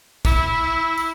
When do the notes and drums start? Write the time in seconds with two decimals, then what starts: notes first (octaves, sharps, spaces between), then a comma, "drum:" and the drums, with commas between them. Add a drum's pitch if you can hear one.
0.25 E4, drum: kick, tambourine
0.97 drum: tambourine